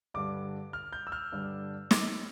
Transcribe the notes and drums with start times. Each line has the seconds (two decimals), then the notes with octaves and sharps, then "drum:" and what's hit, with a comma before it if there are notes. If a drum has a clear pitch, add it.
0.14 G2 D3 G3 D4 D6
0.73 F6
0.93 G6
1.07 E6
1.12 F6
1.32 G2 D3 G3 D4
1.91 D6, drum: snare